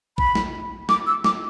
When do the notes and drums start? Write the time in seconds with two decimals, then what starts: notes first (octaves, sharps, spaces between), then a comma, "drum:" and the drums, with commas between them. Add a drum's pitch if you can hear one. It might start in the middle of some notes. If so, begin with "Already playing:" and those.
0.18 B5, drum: kick A#1
0.35 drum: snare
0.89 D6, drum: snare
1.07 E6
1.24 D6, drum: snare